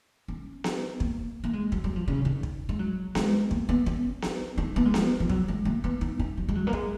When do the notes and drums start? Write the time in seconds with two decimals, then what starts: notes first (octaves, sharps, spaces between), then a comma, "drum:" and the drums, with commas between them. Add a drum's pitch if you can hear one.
0.28 C#4
0.64 drum: snare B3
1.00 A#3, drum: kick
1.44 A#3
1.53 G#3
1.72 F#3, drum: kick
1.84 F#3
1.96 F3
2.08 C#3
2.25 D#3
2.43 drum: kick
2.69 G#3
2.79 F#3
3.15 G#3, drum: snare B3
3.51 A#3, drum: kick
3.69 B3
3.86 C#4, drum: kick
4.22 drum: snare B3
4.58 D#4
4.76 B3
4.85 G#3
4.94 F3, drum: snare B3
5.20 F3
5.29 F#3, drum: kick
5.48 G#3
5.65 A#3
5.84 B3
6.01 D#4, drum: kick
6.19 C#4
6.37 F#3
6.48 G#3
6.55 F#3
6.67 A#3
6.73 G#3, drum: kick